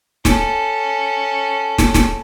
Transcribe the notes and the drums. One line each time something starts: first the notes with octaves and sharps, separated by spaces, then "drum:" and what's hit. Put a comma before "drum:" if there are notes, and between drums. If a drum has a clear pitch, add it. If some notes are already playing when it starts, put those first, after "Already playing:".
C#4 A4, drum: snare
drum: snare
drum: snare